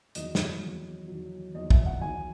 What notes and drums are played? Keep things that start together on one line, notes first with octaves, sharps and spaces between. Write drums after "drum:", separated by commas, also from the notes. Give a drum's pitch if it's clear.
E2 D#3 F#3 D#5, drum: hi-hat
drum: snare
E2 D#3 F#3
E2 D#3 F#3
E2 D#3 F#3 D#5
E5, drum: kick
F#5
E2 D#3 F#3 G#5